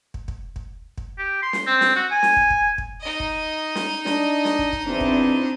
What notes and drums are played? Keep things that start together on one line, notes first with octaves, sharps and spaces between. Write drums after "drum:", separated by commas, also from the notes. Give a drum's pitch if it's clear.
drum: kick
drum: kick
drum: kick
drum: kick
G4
C6
drum: snare
C4
drum: snare
F#4
G#5
drum: snare
drum: kick
drum: kick
drum: kick
D#4 D#5
drum: kick
drum: snare
D4, drum: snare
drum: snare
drum: kick
drum: kick
E2 C4 D4 E4
drum: kick